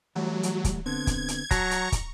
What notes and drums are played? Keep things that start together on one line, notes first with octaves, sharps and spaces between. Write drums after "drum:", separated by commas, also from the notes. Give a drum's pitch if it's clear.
E3 F#3 G3 A3
drum: hi-hat
drum: kick, hi-hat
D3 B3 C4 G#6
drum: kick, hi-hat
drum: hi-hat
F#3 F#4 A5 A#5 C#6, drum: kick, hi-hat
drum: hi-hat
drum: kick, hi-hat